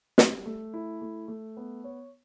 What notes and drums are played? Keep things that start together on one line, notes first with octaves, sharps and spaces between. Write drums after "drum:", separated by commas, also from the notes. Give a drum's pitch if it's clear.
G3, drum: snare
A3
E4
A3
A3
B3
C#5